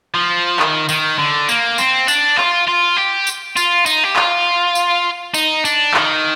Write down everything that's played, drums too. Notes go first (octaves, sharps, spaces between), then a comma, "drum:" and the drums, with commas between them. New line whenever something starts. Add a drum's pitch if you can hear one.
F3
D#3, drum: clap
D#3, drum: tambourine
D3
A#3, drum: tambourine
C4, drum: tambourine
D4, drum: tambourine
F4, drum: clap
F4
G4
drum: tambourine
F4, drum: tambourine
D#4, drum: tambourine
G4
F4, drum: clap
drum: tambourine
D#4, drum: tambourine
D4, drum: tambourine
D#3, drum: clap